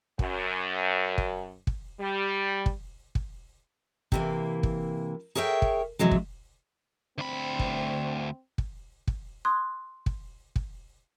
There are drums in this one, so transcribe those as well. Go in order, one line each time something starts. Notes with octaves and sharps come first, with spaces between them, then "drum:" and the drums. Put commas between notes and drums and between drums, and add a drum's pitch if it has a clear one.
F#2, drum: kick
drum: kick
drum: kick
G3
drum: kick
drum: kick
C3 E3 A#3, drum: kick
drum: kick
G#4 A#4 C#5 E5 G5
drum: kick
C3 E3 F#3 G#3
drum: kick
D2 C4 B5
drum: kick
drum: kick
drum: kick
C6 C#6 D#6 F#6 G#6
drum: kick
drum: kick